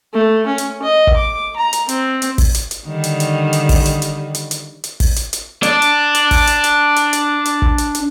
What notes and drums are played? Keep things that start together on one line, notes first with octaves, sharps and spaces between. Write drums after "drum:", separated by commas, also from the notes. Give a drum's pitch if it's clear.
A3
C#4
drum: hi-hat
D#5
drum: kick
D6
A#5
drum: hi-hat
C4, drum: hi-hat
drum: hi-hat
drum: kick, open hi-hat
drum: hi-hat
drum: hi-hat
D3 D#3 G3
drum: hi-hat
drum: hi-hat
drum: hi-hat
drum: kick, open hi-hat
drum: hi-hat
drum: hi-hat
drum: hi-hat
drum: hi-hat
drum: hi-hat
drum: kick, open hi-hat
drum: hi-hat
drum: hi-hat
D4 D5, drum: hi-hat
drum: hi-hat
drum: hi-hat
drum: kick, open hi-hat
drum: hi-hat
drum: hi-hat
drum: hi-hat
drum: hi-hat
drum: hi-hat
drum: kick
drum: hi-hat
drum: hi-hat